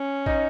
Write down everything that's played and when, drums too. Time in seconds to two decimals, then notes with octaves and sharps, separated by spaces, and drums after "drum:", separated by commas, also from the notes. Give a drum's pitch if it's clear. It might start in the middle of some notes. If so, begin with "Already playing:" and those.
Already playing: C#4
0.26 D#4, drum: kick A1